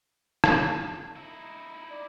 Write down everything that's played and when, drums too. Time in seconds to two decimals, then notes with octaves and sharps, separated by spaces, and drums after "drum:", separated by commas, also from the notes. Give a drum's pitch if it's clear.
0.44 drum: rim click
1.16 D#4 E4
1.90 D5